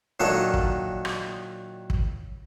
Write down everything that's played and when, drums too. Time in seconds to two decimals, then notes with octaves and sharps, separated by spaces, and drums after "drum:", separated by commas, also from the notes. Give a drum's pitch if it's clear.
0.20 A#2 D#3 F#3 D4 A4 D#5
0.54 drum: kick
1.05 drum: rim click
1.90 drum: kick